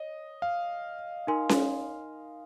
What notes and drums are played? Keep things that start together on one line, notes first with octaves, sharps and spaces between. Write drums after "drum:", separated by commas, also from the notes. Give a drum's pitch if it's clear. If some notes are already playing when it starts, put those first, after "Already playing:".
Already playing: C#5 D#5
F5
D#4 A#4 F5 G#5 C6
drum: snare C#4